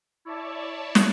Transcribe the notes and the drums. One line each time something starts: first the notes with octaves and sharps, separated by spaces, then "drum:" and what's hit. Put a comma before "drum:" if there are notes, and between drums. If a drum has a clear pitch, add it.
E4 C#5 D5 E5 A5
drum: snare